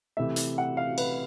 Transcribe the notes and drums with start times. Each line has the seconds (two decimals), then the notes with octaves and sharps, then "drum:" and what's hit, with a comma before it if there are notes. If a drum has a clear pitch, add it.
0.17 C3 E3 A3 E5
0.36 drum: hi-hat
0.58 F#5
0.77 F5
0.98 B4, drum: cymbal